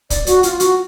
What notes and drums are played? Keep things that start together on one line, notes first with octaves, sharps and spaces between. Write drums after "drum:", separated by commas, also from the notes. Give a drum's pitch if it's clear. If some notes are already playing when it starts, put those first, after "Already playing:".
D5, drum: kick, hi-hat
F#4, drum: hi-hat
F4, drum: hi-hat
F#4, drum: hi-hat